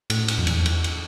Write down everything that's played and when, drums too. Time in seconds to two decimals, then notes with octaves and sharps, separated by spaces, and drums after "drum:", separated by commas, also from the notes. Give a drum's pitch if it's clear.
0.10 A2, drum: cymbal
0.28 drum: cymbal
0.38 F2
0.47 E2, drum: cymbal
0.66 drum: cymbal
0.84 drum: cymbal